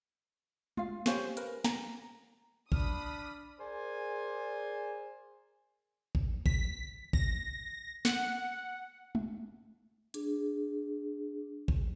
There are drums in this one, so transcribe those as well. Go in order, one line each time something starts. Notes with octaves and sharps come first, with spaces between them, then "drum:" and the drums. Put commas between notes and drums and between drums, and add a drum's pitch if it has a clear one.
F4 F5, drum: tom G#3
C#4 G4 C5 F5, drum: snare
A#4 B4, drum: hi-hat
A#5, drum: snare
D4 B5 D#6 F6, drum: kick A1
G#4 A#4 C5 D5 G#5
drum: kick A1
B6, drum: kick A1
A#6, drum: kick A1
F#5, drum: snare
drum: tom G#3
D4 G#4, drum: hi-hat
drum: kick A1